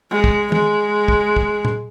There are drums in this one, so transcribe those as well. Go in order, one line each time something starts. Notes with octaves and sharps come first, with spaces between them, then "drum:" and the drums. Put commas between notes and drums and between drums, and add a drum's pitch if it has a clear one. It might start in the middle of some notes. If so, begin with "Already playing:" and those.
G#3
drum: kick
G#3, drum: tom
drum: kick
drum: kick
drum: tom A#2